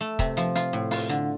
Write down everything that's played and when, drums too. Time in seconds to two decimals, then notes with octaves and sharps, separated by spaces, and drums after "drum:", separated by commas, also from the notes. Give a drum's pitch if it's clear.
0.01 A3
0.19 C3, drum: kick, hi-hat
0.37 F3, drum: hi-hat
0.55 F4, drum: hi-hat
0.73 A2
0.91 F4, drum: open hi-hat
1.09 D3